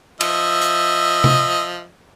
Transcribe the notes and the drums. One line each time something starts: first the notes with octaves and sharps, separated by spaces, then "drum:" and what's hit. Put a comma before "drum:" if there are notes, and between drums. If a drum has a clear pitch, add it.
F3 D#5 E5, drum: cymbal
drum: hi-hat
drum: tom C3